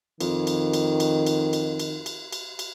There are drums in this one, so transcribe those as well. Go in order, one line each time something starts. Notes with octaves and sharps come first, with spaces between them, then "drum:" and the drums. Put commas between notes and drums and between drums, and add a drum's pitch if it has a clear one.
F2 D#3, drum: cymbal
drum: cymbal
drum: cymbal
drum: cymbal
drum: cymbal
drum: cymbal
drum: cymbal
drum: cymbal
drum: cymbal
drum: cymbal